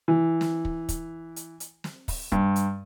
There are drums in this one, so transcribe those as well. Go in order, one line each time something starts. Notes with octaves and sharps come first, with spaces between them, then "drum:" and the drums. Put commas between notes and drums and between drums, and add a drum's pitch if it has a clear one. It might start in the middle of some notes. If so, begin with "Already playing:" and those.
E3
drum: snare
drum: kick
drum: kick, hi-hat
drum: hi-hat
drum: hi-hat
drum: snare
drum: kick, open hi-hat
G2, drum: kick
drum: hi-hat